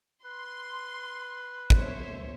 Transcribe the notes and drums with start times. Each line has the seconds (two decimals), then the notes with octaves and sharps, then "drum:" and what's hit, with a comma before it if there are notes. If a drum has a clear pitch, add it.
0.25 B4 C6
1.70 C5 C#5 E5, drum: kick